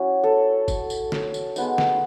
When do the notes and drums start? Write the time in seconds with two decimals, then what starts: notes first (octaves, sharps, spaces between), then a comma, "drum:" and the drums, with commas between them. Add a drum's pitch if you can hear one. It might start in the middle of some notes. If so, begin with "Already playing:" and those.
Already playing: F#3 C#4 E4
0.24 A4
0.68 drum: kick, tambourine
0.90 drum: tambourine
1.12 drum: snare
1.34 drum: tambourine
1.56 G#3 B3 D#4, drum: tambourine
1.78 drum: snare